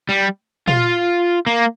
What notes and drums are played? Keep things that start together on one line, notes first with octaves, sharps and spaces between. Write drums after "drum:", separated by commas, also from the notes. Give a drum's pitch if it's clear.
G3
F4, drum: tom
A#3